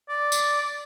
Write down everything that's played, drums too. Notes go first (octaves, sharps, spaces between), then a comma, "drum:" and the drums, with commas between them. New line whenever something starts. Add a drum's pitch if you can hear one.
D5
drum: tambourine